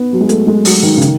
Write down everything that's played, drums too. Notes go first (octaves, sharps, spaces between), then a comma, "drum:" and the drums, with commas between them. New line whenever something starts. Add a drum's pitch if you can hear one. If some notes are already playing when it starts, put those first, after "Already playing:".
Already playing: B3
F#3
G#3
A3, drum: hi-hat
G#3
F#3, drum: open hi-hat
D#3
C#3
D#3, drum: hi-hat